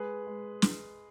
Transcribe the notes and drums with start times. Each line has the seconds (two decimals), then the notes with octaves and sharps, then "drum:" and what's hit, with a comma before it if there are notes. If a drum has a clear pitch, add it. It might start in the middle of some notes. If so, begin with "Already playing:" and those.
Already playing: G#3 G#4 B4
0.27 G#3
0.62 drum: snare